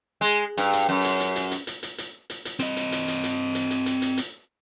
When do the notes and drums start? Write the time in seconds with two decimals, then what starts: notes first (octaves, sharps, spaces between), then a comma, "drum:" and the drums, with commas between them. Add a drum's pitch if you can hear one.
0.21 G#3
0.57 G2, drum: hi-hat
0.73 drum: hi-hat
0.89 F#2
1.04 drum: hi-hat
1.20 drum: hi-hat
1.36 drum: hi-hat
1.51 drum: hi-hat
1.67 drum: hi-hat
1.83 drum: hi-hat
1.98 drum: hi-hat
2.30 drum: hi-hat
2.45 drum: hi-hat
2.59 C4 D#5, drum: hi-hat
2.77 drum: hi-hat
2.92 drum: hi-hat
3.08 drum: hi-hat
3.24 drum: hi-hat
3.55 drum: hi-hat
3.71 drum: hi-hat
3.86 drum: hi-hat
4.02 drum: hi-hat
4.18 drum: hi-hat